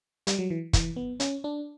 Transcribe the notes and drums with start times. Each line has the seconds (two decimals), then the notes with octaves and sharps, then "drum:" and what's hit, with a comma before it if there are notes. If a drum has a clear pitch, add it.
0.27 G3, drum: hi-hat
0.39 F#3
0.50 E3
0.73 E3, drum: kick, hi-hat
0.96 B3
1.20 C#4, drum: hi-hat
1.44 D4